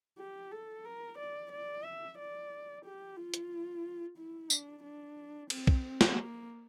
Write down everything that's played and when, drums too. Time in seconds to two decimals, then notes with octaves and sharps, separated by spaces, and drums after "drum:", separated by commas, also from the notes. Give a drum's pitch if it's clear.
0.18 G4
0.52 A4
0.85 A#4
1.18 D5
1.52 D5
1.84 E5
2.18 D5
2.85 G4
3.17 F4
3.34 drum: hi-hat
4.18 E4
4.50 D4, drum: tambourine
4.84 D4
5.50 C4, drum: cymbal
5.67 drum: kick
6.01 drum: snare
6.17 A#3